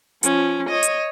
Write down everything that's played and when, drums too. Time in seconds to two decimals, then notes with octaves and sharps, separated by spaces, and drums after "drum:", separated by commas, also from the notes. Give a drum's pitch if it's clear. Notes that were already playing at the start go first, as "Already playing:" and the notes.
0.23 F3 C#4, drum: hi-hat
0.70 C#5 D#5
0.83 drum: hi-hat